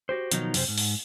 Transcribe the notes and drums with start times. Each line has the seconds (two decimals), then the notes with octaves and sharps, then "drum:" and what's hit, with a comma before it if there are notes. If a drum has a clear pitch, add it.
0.09 F#4 G4 C5
0.32 B2 D#3 F3 F#3 D#4, drum: hi-hat
0.54 F#2 C3 C5, drum: open hi-hat
0.68 G#2
0.78 drum: open hi-hat